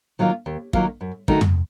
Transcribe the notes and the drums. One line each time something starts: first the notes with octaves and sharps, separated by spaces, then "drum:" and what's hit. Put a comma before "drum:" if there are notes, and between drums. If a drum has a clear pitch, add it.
D#3 F#3 A#3 F4
D#2
D#3 F#3 A#3 F4, drum: kick
F#2
D#3 A3 D#4 F#4, drum: kick
drum: tom